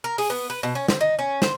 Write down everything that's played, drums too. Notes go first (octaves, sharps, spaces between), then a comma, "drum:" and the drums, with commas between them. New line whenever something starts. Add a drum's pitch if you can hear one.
A#4
G#4, drum: open hi-hat
B3
B4
B2
C#4
C4, drum: snare
D#4
C#4
C5, drum: snare